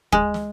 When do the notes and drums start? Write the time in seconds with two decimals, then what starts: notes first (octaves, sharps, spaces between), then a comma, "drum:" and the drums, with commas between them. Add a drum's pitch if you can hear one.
0.12 G#3, drum: kick
0.34 drum: snare